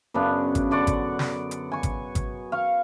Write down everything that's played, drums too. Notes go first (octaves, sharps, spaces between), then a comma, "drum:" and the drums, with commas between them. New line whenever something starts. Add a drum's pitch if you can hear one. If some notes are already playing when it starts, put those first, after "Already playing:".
F#2 C#3 B3 D4
drum: kick G#1, hi-hat
D3 D5 F#5 C#6
drum: kick G#1, hi-hat
drum: snare
drum: hi-hat
G#5 C#6
drum: kick G#1, hi-hat
drum: kick G#1, hi-hat
F5 C#6